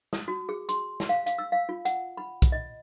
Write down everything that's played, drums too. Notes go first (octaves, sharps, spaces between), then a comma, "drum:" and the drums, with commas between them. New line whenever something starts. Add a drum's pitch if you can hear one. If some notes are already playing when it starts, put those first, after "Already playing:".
D#6, drum: snare
F#4
G#4
C6, drum: hi-hat
drum: snare
F5
F5, drum: hi-hat
E6
F5
F4
F#5, drum: hi-hat
B5
drum: kick B1, hi-hat
D#5